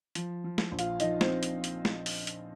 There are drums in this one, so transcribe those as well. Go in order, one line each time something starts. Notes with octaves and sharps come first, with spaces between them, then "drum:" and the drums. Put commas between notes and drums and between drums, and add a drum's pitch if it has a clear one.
F3, drum: hi-hat
F3
drum: snare
A#1
F4 F5, drum: hi-hat
F3 D#4 D#5, drum: hi-hat
C4 C5, drum: snare
drum: hi-hat
drum: hi-hat
drum: snare
drum: open hi-hat
drum: hi-hat